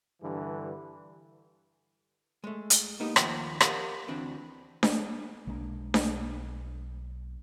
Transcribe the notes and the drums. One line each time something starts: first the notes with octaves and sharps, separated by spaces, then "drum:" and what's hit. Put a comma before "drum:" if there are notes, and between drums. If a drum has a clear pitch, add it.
G2 D3 E3
G#3 A3
drum: hi-hat
A#3 B3 D#4 G4
D#2 F3 A3 F#5 G5 B5, drum: rim click
G4 A#4 D#5 F5 F#5, drum: rim click
D2 E3 C4 D4
drum: snare D4
B1 G#3 A#3 D4
drum: snare D4